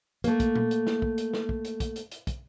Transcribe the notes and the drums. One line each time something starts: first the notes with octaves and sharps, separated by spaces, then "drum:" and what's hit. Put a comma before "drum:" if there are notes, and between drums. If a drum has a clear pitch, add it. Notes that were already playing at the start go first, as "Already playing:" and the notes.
A3 A#3, drum: hi-hat
drum: kick, hi-hat
drum: tom A#2
drum: hi-hat
drum: snare
drum: kick
drum: hi-hat
drum: snare
drum: kick
drum: hi-hat
drum: kick, hi-hat
drum: hi-hat
drum: hi-hat
drum: kick, hi-hat